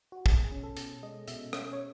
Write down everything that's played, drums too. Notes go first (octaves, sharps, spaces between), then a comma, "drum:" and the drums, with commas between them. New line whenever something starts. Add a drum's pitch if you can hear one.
F#4
B2 G#4, drum: kick
C#4
A4
B2, drum: hi-hat
G#3 D#5
B2 E5, drum: hi-hat
C#4 E5, drum: rim click
C#5